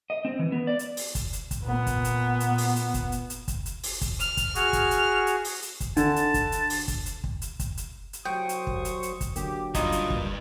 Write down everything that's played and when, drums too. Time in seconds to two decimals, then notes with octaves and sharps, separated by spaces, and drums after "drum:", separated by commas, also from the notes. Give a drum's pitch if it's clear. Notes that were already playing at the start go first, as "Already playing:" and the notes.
0.10 D#5
0.25 C4
0.39 E3
0.52 B3
0.67 D5
0.79 drum: hi-hat
0.97 drum: open hi-hat
1.15 drum: kick, hi-hat
1.33 drum: hi-hat
1.51 drum: kick, hi-hat
1.61 A#2 B3
1.87 drum: kick, hi-hat
2.04 drum: hi-hat
2.40 drum: hi-hat
2.58 drum: open hi-hat
2.76 drum: hi-hat
2.94 drum: kick, hi-hat
3.12 drum: hi-hat
3.30 drum: hi-hat
3.48 drum: kick, hi-hat
3.66 drum: hi-hat
3.84 drum: open hi-hat
4.01 drum: kick, hi-hat
4.20 F6, drum: hi-hat
4.37 drum: kick, hi-hat
4.55 F#4 G#4, drum: hi-hat
4.73 drum: kick, hi-hat
4.91 drum: hi-hat
5.27 drum: hi-hat
5.45 drum: open hi-hat
5.63 drum: hi-hat
5.80 drum: kick, hi-hat
5.97 D3 D4 A5, drum: hi-hat
6.16 drum: hi-hat
6.34 drum: kick, hi-hat
6.52 drum: hi-hat
6.70 drum: open hi-hat
6.88 drum: kick, hi-hat
7.06 drum: hi-hat
7.24 drum: kick
7.42 drum: hi-hat
7.59 drum: kick, hi-hat
7.77 drum: hi-hat
8.13 drum: hi-hat
8.25 C2 F#3 C5 G5 C#6 D#6
8.49 drum: hi-hat
8.67 drum: kick
8.85 drum: hi-hat
9.03 drum: hi-hat
9.21 drum: kick, hi-hat
9.36 D3 F#3 A#3 G4, drum: hi-hat
9.74 G2 D#4 F4, drum: kick, hi-hat
9.92 drum: hi-hat
10.10 drum: kick